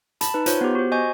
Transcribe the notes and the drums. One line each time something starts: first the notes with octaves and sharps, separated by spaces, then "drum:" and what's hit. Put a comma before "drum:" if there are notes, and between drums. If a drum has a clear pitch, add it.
A5 B5, drum: hi-hat
D#4 B4
F4 C5 C#5, drum: hi-hat
B3 G4
F#4 C5
D#5 G#5 C#6 G6